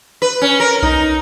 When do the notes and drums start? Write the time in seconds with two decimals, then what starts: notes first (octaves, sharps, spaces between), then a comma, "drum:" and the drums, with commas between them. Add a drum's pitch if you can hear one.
0.22 B4
0.42 C#4
0.60 A#4
0.83 D#4, drum: kick B1